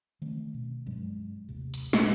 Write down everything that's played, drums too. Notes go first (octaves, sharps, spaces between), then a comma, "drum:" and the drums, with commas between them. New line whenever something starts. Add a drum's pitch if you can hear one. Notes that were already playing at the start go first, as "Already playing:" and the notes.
D#3 A3 C4 C#4
B2
G2 F#3 G#3 C#4
A1 D#2 C3
drum: hi-hat
A1 A#2 F#3, drum: snare